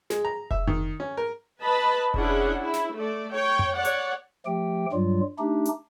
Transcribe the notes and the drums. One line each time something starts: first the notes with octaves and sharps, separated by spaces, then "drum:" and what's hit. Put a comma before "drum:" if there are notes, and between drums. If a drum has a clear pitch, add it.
G#3, drum: snare
A#5
E5, drum: kick F1
D#3, drum: tom F2
C#4
A#4
B4 D#5 A5 B5
C#4 D4 E4 G#4 F#5, drum: kick F1
E4
drum: snare
A3 D5
C#5 G5
drum: tom F2
C#5 D5 F#5
drum: hi-hat
F3 A3 G4 G5
G2 F#3 G3 F4
A3 D4 D#4 G4
drum: hi-hat